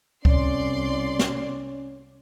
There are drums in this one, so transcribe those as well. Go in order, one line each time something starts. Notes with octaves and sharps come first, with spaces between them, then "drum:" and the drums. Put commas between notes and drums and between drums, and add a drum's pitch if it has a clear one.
C2 C#4 D5 C6, drum: kick C#2
drum: snare